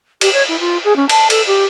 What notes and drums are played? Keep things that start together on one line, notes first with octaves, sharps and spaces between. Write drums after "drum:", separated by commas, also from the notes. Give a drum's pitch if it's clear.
G4, drum: cymbal
C#5
E4
F4
G#4
C#4
A5, drum: cymbal
A4, drum: cymbal
G4